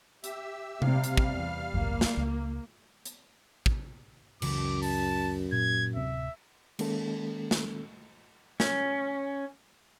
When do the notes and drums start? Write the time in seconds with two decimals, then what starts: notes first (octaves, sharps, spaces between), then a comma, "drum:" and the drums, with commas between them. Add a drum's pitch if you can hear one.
0.24 G4 E5 E6, drum: hi-hat
0.82 C3 G3 F5 F6, drum: tom C3
1.04 drum: hi-hat
1.17 drum: kick
1.29 E2
1.74 G#1 C#2 F#2 A#3
2.01 drum: snare
2.17 C#2
3.05 drum: hi-hat
3.66 drum: kick
4.42 C#2 F#2 C#3 E3 D6, drum: cymbal
4.83 A5, drum: open hi-hat
5.52 A#2 G#6
5.96 D1 C3 C4 E5
6.79 D#3 G#3 A#3 C#4 A4, drum: cymbal
7.51 drum: snare
8.60 C#4, drum: snare